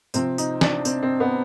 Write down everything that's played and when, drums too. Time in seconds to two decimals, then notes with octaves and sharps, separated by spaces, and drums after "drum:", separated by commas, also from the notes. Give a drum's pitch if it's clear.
0.14 C3 F3 C4, drum: tambourine
0.38 D#4, drum: tambourine
0.61 D4, drum: snare
0.85 C4, drum: tambourine
1.03 C4
1.20 B3